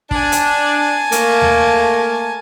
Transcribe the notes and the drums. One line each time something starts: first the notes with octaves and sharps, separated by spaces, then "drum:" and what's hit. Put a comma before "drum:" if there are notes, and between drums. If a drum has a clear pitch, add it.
D4 G#5 A5, drum: kick
drum: hi-hat
A3 A#3, drum: hi-hat
drum: tom D#2